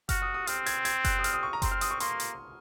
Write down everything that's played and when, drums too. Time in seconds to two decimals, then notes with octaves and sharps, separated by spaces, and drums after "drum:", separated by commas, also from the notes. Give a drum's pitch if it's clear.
0.09 F#4 F6, drum: kick F#1, hi-hat
0.22 D#6
0.34 D#6
0.47 C4 F6, drum: hi-hat
0.66 G#6, drum: hi-hat
0.85 G#6, drum: hi-hat
1.05 F#6, drum: kick F#1, hi-hat
1.19 D#6
1.24 F6, drum: hi-hat
1.33 D#6
1.43 C#6
1.53 A#5
1.62 C4 C6, drum: kick F#1, hi-hat
1.72 F6
1.81 D#6, drum: hi-hat
1.91 C#6
2.00 A#3 C6, drum: hi-hat
2.20 drum: hi-hat